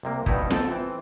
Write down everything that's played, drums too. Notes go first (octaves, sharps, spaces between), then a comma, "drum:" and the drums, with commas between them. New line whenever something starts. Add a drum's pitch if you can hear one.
C2 C3 A#3
G2 B2 G3 D#4 E4, drum: kick
C4 A4 G5 A5, drum: snare
E3 C4